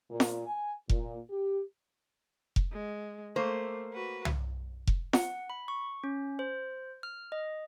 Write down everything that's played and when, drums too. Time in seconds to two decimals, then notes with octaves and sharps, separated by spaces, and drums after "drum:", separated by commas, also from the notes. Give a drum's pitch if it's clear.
0.11 A#2
0.20 drum: snare
0.47 G#5
0.89 A#2, drum: kick F1
1.30 G4
2.56 drum: kick F1
2.72 G#3
3.36 A3 A#3 C5
3.93 F#4 B4
4.25 drum: tom
4.87 drum: kick F1
5.13 F#5, drum: snare
5.50 B5
5.68 C#6
6.04 C#4
6.39 C5
7.03 F6
7.32 D#5